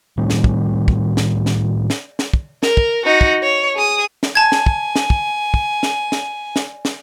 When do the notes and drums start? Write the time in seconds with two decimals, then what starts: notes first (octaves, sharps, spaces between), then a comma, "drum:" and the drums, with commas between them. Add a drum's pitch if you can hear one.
0.17 A2 D#3 G3 C4
0.30 drum: snare
0.44 drum: kick
0.88 drum: kick
1.17 drum: snare
1.46 drum: snare
1.90 drum: snare
2.19 drum: snare
2.34 drum: kick
2.63 A#4, drum: snare
2.77 drum: kick
3.05 D#4 F#4
3.21 drum: kick
3.43 C#5
3.75 G#4 D#6
4.23 drum: snare
4.35 G#5 A5 G#6
4.52 drum: snare
4.66 drum: kick
4.96 drum: snare
5.10 drum: kick
5.54 drum: kick
5.83 drum: snare
6.12 drum: snare
6.56 drum: snare
6.85 drum: snare